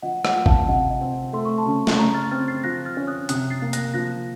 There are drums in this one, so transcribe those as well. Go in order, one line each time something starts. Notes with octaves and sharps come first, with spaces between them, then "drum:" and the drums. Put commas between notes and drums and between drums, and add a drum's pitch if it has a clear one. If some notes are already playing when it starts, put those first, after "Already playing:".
F3 D#5 F#5
D#5 F#5, drum: rim click
F4
F5 A5, drum: kick G#1
C3 D#5 F#5
D#5
C4
A3 C6
C#6
A5 C6
C#3
drum: snare
C#3 A#5 C#6
F6 A6
C4 F6 A6
A6 C7
F3 F#6 A#6
F6 A6
C#4
D#6 F#6
C3 D#6 F#6, drum: hi-hat
A6 C7
A#3
F#6 A#6, drum: hi-hat
F3 F#6 A#6